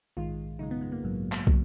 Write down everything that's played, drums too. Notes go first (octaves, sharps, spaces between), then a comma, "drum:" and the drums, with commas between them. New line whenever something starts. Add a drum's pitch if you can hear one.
A#1 G#2 D#3 G#3 F4
F#2 C#3 G#3 D#4
B3
G#3
A#3
A#1 G#2 F#3
drum: clap
C#3 F#3, drum: kick